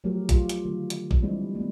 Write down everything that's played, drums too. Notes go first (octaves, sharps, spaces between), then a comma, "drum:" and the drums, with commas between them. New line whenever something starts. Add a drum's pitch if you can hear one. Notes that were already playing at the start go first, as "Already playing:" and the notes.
F3 F#3 A3 F4 G4 A#4
F4 G4, drum: kick, hi-hat
drum: hi-hat
D3 D#3 F#3 A3
drum: hi-hat
drum: kick
E3 G3 G#3 C4 D4 E4
A3 B3